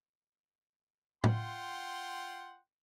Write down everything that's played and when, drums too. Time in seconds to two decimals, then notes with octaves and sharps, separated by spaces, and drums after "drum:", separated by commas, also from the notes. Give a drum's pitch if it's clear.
1.24 F4 F#5 G5 C6, drum: tom A2